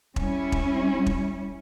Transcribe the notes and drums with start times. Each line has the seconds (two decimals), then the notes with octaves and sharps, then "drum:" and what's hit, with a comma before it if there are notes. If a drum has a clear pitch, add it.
0.16 G3 C#4 E4, drum: kick E1
0.52 drum: kick E1
1.06 drum: kick E1